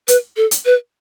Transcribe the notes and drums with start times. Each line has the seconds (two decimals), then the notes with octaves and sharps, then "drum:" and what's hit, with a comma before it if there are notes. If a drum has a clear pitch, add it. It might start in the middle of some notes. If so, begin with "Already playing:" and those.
0.08 B4, drum: hi-hat
0.37 A4
0.51 drum: hi-hat
0.66 B4